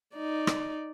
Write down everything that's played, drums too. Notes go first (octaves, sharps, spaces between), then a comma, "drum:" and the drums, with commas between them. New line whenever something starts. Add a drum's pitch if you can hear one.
D#4 D5
drum: rim click